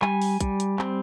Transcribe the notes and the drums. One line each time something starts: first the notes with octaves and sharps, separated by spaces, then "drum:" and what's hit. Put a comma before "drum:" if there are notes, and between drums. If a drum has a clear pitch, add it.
G3 G#5, drum: clap
drum: open hi-hat
G3, drum: kick, hi-hat
drum: hi-hat
C4, drum: clap